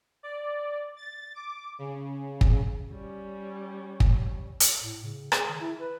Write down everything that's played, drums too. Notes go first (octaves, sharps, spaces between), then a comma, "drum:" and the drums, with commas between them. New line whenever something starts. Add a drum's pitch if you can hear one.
D5
A6
D6
C#3
drum: kick
G3 C#4
drum: kick
drum: hi-hat
A2
C#3
G#4, drum: rim click
D#3
E4
B4